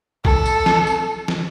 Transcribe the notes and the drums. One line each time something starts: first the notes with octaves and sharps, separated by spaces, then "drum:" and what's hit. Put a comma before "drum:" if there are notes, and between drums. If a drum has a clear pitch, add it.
A4, drum: kick A#1
drum: tambourine
drum: snare
drum: tambourine
drum: snare